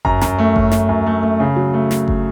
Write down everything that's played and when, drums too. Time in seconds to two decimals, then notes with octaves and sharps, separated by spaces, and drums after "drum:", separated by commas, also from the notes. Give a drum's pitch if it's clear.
0.05 F#2 A#5, drum: kick G1
0.21 F#2, drum: snare
0.38 A3
0.56 F#2, drum: kick G1
0.72 A3, drum: snare
0.89 F#2
1.06 A3
1.23 A3
1.40 C#3
1.56 F#3
1.74 A3
1.91 drum: snare
2.08 drum: kick G1